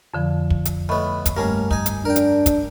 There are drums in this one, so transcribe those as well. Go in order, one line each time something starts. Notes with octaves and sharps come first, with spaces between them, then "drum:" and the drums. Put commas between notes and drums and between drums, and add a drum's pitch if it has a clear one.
F2 D3 F3
drum: kick
drum: hi-hat
A2 B3 D#5 B5 C#6
drum: kick, hi-hat
G2 G3 A3 A#3 C#4
D#4 G#5, drum: kick
drum: hi-hat
D4 A#4 G5
drum: hi-hat
drum: kick, hi-hat